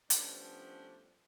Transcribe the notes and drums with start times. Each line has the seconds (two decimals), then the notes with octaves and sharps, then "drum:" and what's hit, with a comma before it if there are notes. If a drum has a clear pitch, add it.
0.10 F3 G3 A3 B3 C#4 D4, drum: hi-hat